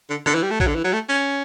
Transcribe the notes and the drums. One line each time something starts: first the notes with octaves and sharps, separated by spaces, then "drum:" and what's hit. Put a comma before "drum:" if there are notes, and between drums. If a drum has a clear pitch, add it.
D3
D3, drum: rim click
E3
G3
A3
F#3, drum: kick
D3
E3
F#3
A3
C#4